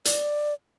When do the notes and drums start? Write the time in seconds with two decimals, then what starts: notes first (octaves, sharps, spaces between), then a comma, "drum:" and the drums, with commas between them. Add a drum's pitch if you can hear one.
0.05 D5, drum: hi-hat